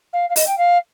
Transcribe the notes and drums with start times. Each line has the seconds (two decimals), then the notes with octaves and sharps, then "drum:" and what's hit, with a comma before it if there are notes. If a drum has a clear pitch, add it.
0.13 F5
0.29 F5
0.36 D#5, drum: open hi-hat
0.47 G5
0.57 F5